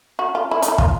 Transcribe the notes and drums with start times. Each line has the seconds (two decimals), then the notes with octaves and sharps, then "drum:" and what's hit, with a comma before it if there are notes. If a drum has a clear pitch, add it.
0.19 F#4
0.35 F4
0.51 E4
0.62 D#4, drum: hi-hat
0.68 E4
0.78 F4, drum: kick